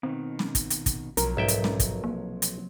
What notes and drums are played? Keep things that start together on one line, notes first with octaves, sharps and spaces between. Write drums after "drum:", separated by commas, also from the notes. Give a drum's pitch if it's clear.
B2 D#3 C4
drum: snare
drum: kick, hi-hat
drum: hi-hat
drum: kick, hi-hat
B1 C3 F3 F#3 A#4, drum: hi-hat
B1 G#2 E5 G5
drum: hi-hat
drum: snare
drum: kick, hi-hat
A#3
drum: hi-hat